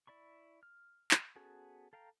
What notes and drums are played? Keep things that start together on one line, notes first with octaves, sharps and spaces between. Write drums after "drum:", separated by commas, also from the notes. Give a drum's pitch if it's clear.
E4 D5 B5 C#6
F6
drum: clap
B3 C#4 F#4 G#4 A4
A4 F5 G5 A#5